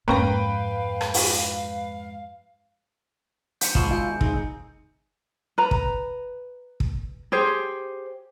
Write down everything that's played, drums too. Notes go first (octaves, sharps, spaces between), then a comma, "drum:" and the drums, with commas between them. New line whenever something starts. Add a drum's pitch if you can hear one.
F2 G#2 A#3 C#4 B4 F5 G5 A#5
drum: rim click
drum: open hi-hat
G6 C#7, drum: hi-hat
B2 D#3 G#3 F4 G#4 C5 A#5, drum: kick
F4 E5 G#5 G6
C4 D#4 G#4, drum: kick
B4 A#5
drum: kick
drum: kick
G4 G#4 C5